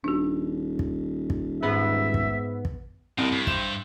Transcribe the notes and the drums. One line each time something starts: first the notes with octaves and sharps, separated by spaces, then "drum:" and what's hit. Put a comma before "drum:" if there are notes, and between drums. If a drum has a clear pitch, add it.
D#1 D4 F#4
drum: kick
drum: kick
G#2 B3 G#4 E5 B5
drum: kick
drum: kick
C2 A#2 A#4 D#5
G2 C#5 B5
C5 E5 G5 E7, drum: kick